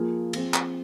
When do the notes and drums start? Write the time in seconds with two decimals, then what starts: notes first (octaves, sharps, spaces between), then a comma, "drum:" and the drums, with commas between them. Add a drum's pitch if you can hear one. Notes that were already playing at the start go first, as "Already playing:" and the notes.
Already playing: F3 A#3 F4 G#4
0.33 F3 C4 G#4, drum: cymbal
0.54 drum: clap